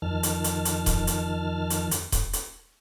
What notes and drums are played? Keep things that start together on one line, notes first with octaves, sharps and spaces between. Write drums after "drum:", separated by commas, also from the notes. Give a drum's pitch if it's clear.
F2 D#3 A5 F6
drum: hi-hat
drum: hi-hat
drum: hi-hat
drum: kick D#1, hi-hat
drum: hi-hat
drum: hi-hat
drum: hi-hat
drum: kick D#1, hi-hat
drum: hi-hat